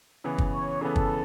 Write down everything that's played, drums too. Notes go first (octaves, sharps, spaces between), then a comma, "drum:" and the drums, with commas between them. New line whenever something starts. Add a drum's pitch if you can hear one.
C#3 E3 B3
drum: kick
C#5
C#3 E3 B3 A4
drum: kick